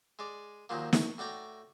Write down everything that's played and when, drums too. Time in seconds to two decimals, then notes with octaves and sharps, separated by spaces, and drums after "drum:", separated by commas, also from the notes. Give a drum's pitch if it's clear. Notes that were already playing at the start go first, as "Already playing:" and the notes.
0.19 G#3 D5
0.69 D#2 A#2 F3 F#3 A#3
0.93 A#5 C#6, drum: snare
1.18 A2 F#4 D5 G5 A#5